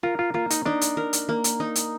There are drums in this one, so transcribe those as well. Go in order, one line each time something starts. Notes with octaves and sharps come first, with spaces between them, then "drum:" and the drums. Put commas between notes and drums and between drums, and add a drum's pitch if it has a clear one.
F4 A#4
F4
A#3 F4
D#4, drum: hi-hat
D4 D#4
drum: hi-hat
A#4
drum: hi-hat
A#3
drum: hi-hat
D#4
drum: hi-hat